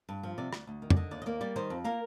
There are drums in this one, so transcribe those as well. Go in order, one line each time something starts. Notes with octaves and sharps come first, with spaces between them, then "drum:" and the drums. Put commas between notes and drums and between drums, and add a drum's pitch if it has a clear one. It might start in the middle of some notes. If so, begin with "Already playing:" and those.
G2
F3
C3 D5
D2, drum: rim click
D2
D#3
D5, drum: tom
D3 D#5
D#2 D5
D#5
A#3 D5
G3 D5
D#3 C5
F2
A#3 A#4